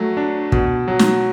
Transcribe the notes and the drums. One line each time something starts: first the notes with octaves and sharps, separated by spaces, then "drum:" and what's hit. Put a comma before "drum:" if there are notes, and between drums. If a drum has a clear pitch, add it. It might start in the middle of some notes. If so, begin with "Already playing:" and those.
Already playing: F#3 A3
D4
B2, drum: kick
F#3
drum: snare